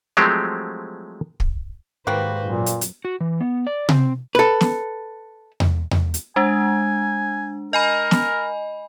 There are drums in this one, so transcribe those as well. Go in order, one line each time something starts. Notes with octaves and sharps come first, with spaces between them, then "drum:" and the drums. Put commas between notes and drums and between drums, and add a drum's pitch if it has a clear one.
F3 F#3 G#3 A3 C4 G4
drum: kick
G#2 D#3 G3 A#3 F#4 B4 C5
F#2 A#2
drum: hi-hat
drum: hi-hat
F#4
E3
B3
D5
C4, drum: tom C3
A4 B4
drum: snare
drum: tom E2
drum: tom E2
drum: hi-hat
G#3 D4 G#5
A#4 D#5 G#5 B5
drum: snare